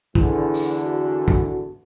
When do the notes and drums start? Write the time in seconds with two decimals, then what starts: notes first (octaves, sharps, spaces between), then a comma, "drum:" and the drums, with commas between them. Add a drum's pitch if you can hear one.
0.15 E2 D3, drum: kick
0.54 drum: tambourine
0.83 F#4
1.28 drum: kick